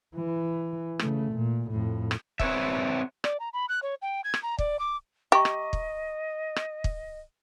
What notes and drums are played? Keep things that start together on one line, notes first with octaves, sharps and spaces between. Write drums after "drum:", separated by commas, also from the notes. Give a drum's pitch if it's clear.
E3
C#3 A3, drum: rim click
A#2
F2 A2
drum: rim click
C4 B4 C#5 E5, drum: kick
D5, drum: rim click
A#5
B5
F#6
C#5
G5
G#6
drum: rim click
A#5
D5, drum: kick
D6
G4 D#5 E5 A#5 C#6
drum: rim click
drum: kick
drum: rim click
drum: kick